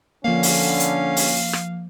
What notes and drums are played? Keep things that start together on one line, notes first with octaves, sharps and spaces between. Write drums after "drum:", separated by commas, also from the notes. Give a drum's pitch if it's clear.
D3 F3 A#3 C#4 F5
drum: open hi-hat
drum: hi-hat
drum: open hi-hat
drum: rim click